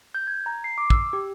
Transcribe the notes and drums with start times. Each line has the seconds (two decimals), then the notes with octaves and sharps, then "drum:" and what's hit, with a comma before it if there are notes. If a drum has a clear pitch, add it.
0.15 G6
0.27 G#6
0.46 A#5
0.64 C7
0.78 D6
0.90 E6, drum: kick
1.13 G4